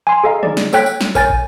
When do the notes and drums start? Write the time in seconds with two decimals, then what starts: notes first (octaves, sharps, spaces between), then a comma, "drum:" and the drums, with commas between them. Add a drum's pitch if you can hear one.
0.07 G#5 C6
0.24 G#4 A4 D#5 F5 A#5
0.43 D#4 G#4 D5, drum: tom
0.57 drum: snare
0.73 A#3 A4 C#5 G5 F#6 B6, drum: tambourine
0.86 drum: tambourine
1.01 drum: snare
1.15 A#4 C#5 G#5 G6 A6, drum: kick, tambourine
1.30 drum: kick